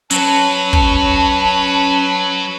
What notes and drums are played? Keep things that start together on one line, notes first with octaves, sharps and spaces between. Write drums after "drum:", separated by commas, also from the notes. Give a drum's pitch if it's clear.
F#3 C#4 B4 C#5 A5, drum: hi-hat
drum: kick